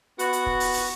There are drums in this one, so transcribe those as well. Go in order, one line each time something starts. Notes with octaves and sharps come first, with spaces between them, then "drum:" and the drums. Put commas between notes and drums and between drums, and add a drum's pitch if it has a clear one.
B3 F#4, drum: hi-hat
drum: hi-hat
drum: kick
drum: open hi-hat
drum: open hi-hat